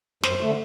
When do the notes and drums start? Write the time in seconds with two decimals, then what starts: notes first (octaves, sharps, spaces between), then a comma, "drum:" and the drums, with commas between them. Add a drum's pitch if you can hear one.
0.23 F#2 C5, drum: snare
0.41 D3 A3